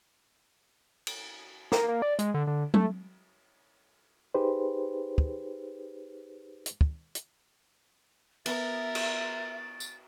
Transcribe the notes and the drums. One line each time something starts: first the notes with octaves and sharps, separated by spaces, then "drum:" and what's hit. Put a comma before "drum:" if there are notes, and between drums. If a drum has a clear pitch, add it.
drum: cymbal
A#3, drum: snare
A#3
D5
G#3, drum: hi-hat
D3
D3
A3, drum: tom F#3
D#4 G4 G#4 B4 C5
drum: kick
drum: hi-hat
drum: kick
drum: hi-hat
B3 A#4 E5 A6, drum: cymbal
drum: cymbal
drum: tambourine